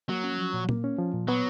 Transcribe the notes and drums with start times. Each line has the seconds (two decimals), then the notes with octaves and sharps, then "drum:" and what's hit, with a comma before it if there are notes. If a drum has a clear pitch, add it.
0.09 F#3 A#3
0.24 C#4
0.39 F3
0.54 A#2
0.69 A#3, drum: tom A#2
0.84 C#4
0.99 F3
1.14 A#2
1.28 F#3 B3